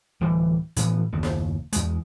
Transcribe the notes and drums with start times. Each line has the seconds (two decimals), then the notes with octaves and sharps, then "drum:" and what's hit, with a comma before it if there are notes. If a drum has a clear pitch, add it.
0.21 D1 E3 G3
0.76 A2 E3 F3 B3, drum: hi-hat
1.13 F#1 D#2
1.23 drum: snare
1.73 E2 G#3, drum: hi-hat